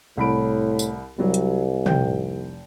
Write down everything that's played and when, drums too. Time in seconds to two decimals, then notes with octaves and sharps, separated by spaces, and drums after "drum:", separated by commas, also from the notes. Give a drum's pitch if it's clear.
0.17 C2 A2 B5 D7
0.79 drum: tambourine
1.18 C2 F#3 G3
1.34 drum: hi-hat
1.86 F1 G5 G6, drum: tom